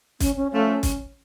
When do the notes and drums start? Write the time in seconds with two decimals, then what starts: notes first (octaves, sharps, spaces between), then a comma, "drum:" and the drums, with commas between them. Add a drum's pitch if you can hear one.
0.20 C#4, drum: kick B1, hi-hat
0.37 C#4
0.52 F3 A3 C#4 F4
0.83 drum: kick B1, hi-hat